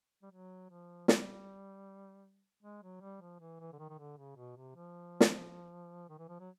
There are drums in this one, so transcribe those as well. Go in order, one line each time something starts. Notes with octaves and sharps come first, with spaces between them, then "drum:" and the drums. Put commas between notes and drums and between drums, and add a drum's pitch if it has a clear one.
G3
F#3
F3
G3, drum: snare
G#3
F#3
G3
F3
E3
E3
D3
D#3
D#3
D3
C#3
B2
C3
F3
drum: snare
D#3
E3
F3
F#3